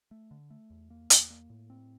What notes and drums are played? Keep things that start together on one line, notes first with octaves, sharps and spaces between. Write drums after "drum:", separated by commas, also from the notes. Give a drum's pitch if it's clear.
A3
D3
A3
E2
A#3
E2, drum: hi-hat
A#3
A2
C4